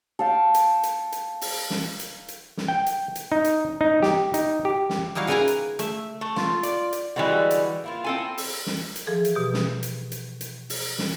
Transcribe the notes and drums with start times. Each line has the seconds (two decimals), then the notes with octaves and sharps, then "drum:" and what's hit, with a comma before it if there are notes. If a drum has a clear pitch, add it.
0.19 A4 F5 G5
0.54 drum: hi-hat
0.83 drum: hi-hat
1.12 drum: hi-hat
1.41 drum: open hi-hat
1.70 drum: snare
1.99 drum: hi-hat
2.28 drum: hi-hat
2.57 drum: snare
2.68 G5
2.86 drum: hi-hat
3.15 drum: hi-hat
3.32 D#4
3.44 drum: hi-hat
3.81 D#4
4.02 G4, drum: snare
4.34 D#4, drum: hi-hat
4.65 G4
4.89 drum: snare
5.15 G3 D#4 E4 F#4 F5
5.27 C#3 A#4 B4 F5 G#5 A#5
5.47 drum: hi-hat
5.79 A3 E5, drum: hi-hat
6.21 A3
6.36 F4, drum: snare
6.63 D5, drum: hi-hat
6.93 drum: hi-hat
7.16 D3 E3 G3 G#3 C#4 F#4
7.51 drum: hi-hat
7.84 A#3 E4 F4
8.04 C4 A4 G#5
8.38 drum: open hi-hat
8.67 drum: snare
8.96 drum: hi-hat
9.07 E3 F3 G#4 A4
9.25 drum: hi-hat
9.35 B2 G4
9.54 drum: snare
9.83 drum: hi-hat
10.12 drum: hi-hat
10.41 drum: hi-hat
10.70 drum: open hi-hat
10.99 drum: snare